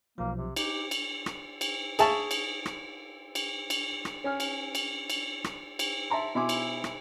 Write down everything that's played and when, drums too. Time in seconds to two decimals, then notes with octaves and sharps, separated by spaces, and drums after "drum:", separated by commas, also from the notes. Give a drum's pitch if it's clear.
0.18 B1 F3 A#3
0.36 C3
0.56 D#4 G4, drum: cymbal
0.91 drum: cymbal
1.26 drum: rim click
1.61 drum: cymbal
1.99 G#4 E5 A5 C#6, drum: cymbal
2.31 drum: cymbal
2.66 drum: rim click
3.35 drum: cymbal
3.70 drum: cymbal
4.05 drum: rim click
4.24 C#4 G#5 F6
4.40 drum: cymbal
4.75 drum: cymbal
5.10 drum: cymbal
5.44 drum: rim click
5.79 drum: cymbal
6.10 E5 A5 A#5 C6
6.35 B2 E4 E5 G#5 C6 D6
6.49 drum: cymbal
6.84 drum: rim click